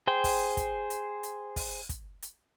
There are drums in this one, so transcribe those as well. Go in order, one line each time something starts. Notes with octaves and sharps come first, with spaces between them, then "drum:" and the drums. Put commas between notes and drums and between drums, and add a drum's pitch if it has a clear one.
G#4 C5 G5
drum: kick, open hi-hat
drum: kick, hi-hat
drum: hi-hat
drum: hi-hat
drum: kick, open hi-hat
drum: kick, hi-hat
drum: hi-hat